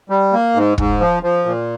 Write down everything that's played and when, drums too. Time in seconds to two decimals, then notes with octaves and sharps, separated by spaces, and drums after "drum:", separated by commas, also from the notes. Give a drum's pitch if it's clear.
0.10 G3
0.33 A#3
0.55 G#2
0.78 G#2, drum: kick
1.00 F3
1.23 F3
1.46 A#2